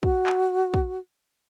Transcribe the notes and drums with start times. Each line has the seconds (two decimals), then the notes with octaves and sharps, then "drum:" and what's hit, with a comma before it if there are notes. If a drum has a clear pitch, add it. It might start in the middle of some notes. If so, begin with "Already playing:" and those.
0.03 F#4, drum: kick
0.26 drum: clap
0.74 drum: kick